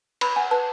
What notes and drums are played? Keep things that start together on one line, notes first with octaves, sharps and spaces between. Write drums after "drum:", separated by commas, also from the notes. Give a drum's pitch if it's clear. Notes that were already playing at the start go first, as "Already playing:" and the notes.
B4 B5, drum: cymbal
F#5 G#5
B4 A5